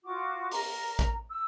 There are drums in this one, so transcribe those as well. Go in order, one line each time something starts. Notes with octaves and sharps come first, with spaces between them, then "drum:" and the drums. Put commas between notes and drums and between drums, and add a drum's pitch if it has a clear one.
F4 F#4 D6
A#4 A#5, drum: open hi-hat
drum: kick, hi-hat
E6